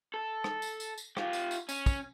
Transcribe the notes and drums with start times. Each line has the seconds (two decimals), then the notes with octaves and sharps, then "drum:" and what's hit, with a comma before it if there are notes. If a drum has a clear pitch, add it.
0.14 A4
0.44 drum: rim click
0.62 drum: tambourine
0.80 drum: tambourine
0.98 drum: tambourine
1.17 F4 G4, drum: rim click
1.33 drum: tambourine
1.51 drum: tambourine
1.69 C#4, drum: tambourine
1.86 drum: kick, tambourine